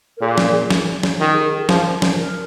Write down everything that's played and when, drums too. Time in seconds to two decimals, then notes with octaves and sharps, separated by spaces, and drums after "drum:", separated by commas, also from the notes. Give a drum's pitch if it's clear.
0.17 A#4
0.21 A#2 G#4
0.38 drum: snare
0.70 drum: snare
1.03 drum: snare
1.20 D#3 F4
1.33 G#4
1.45 A#4
1.57 G#4
1.69 F3 A#4, drum: snare
2.02 drum: snare
2.18 A#4